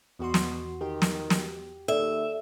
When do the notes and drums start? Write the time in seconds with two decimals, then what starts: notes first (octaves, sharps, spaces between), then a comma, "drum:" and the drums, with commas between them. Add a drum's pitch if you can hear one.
0.19 E2 B2 F#4 C6
0.34 drum: snare
0.81 D#3 G4
1.02 drum: snare
1.30 drum: snare
1.88 D#2 A4 D5 E5